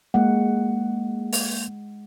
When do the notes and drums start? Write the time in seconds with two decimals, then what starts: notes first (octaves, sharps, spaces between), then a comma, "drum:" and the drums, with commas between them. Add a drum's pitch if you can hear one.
0.14 G#3 A#3 F#5
1.33 drum: open hi-hat